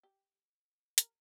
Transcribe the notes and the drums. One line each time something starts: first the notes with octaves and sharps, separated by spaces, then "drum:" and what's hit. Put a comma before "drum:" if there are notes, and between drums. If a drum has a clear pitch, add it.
G4
A#4, drum: hi-hat